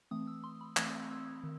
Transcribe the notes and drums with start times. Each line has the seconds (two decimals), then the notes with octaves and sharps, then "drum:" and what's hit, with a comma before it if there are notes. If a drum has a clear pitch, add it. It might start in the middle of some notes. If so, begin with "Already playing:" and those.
0.11 E3 A3 C4 D#6
0.27 E6
0.44 C6
0.61 B5
0.77 E3 A3 C4 D#6, drum: clap
1.10 E6
1.44 D#3